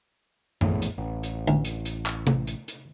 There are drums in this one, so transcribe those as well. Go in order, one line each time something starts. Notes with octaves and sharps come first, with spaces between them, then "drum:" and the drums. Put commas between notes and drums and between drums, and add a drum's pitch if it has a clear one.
A#1 E2 A2, drum: tom F#2
drum: hi-hat
A1
drum: hi-hat
D2
drum: hi-hat
drum: hi-hat
drum: clap
drum: tom C3
drum: hi-hat
drum: hi-hat